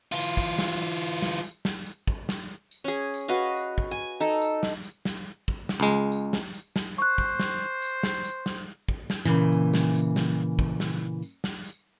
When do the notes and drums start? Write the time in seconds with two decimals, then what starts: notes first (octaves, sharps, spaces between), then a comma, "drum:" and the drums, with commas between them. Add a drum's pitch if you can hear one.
0.12 E3 F4
0.37 drum: kick
0.59 drum: snare
1.01 drum: tambourine
1.22 drum: snare
1.44 drum: tambourine
1.65 drum: snare
1.86 drum: tambourine
2.08 drum: kick
2.29 drum: snare
2.71 drum: tambourine
2.84 C#4 G#4
3.14 drum: tambourine
3.28 F#4 B4 D#5 F5
3.56 drum: tambourine
3.78 drum: kick
3.91 G#5
4.20 D#4 A4
4.42 drum: tambourine
4.63 drum: snare
4.84 drum: tambourine
5.05 drum: snare
5.48 drum: kick
5.69 drum: snare
5.80 C#2 G#3
6.12 drum: tambourine
6.33 drum: snare
6.54 drum: tambourine
6.76 drum: snare
6.98 C5 C#6 F#6
7.18 drum: kick
7.40 drum: snare
7.82 drum: tambourine
8.03 drum: snare
8.25 drum: tambourine
8.46 drum: snare
8.88 drum: kick
9.10 drum: snare
9.25 A#2 C#3 E3
9.52 drum: tambourine
9.74 drum: snare
9.95 drum: tambourine
10.16 drum: snare
10.59 drum: kick
10.80 drum: snare
11.23 drum: tambourine
11.44 drum: snare
11.65 drum: tambourine